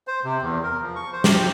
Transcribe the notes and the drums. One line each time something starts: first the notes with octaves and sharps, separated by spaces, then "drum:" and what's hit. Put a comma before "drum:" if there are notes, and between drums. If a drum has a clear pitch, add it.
C5
C3
E2
A#4
F3
C#6
C5
G4, drum: snare